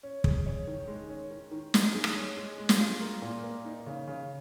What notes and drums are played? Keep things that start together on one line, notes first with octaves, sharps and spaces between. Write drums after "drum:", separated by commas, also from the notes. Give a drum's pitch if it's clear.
C#4
G#4, drum: kick
C#5
D#3
G#3
C#4
D#3
D#3
D#4, drum: snare
G#4
drum: rim click
C#5
G#3
G#3
drum: snare
F4
A#4
A#2
A#3
D#4
C#3
C#3